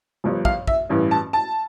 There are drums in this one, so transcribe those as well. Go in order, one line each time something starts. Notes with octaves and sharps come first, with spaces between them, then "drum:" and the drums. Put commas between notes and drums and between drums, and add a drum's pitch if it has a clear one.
G1 G2 F3
F5, drum: kick
E5, drum: kick
A1 G2 E3
A5
A5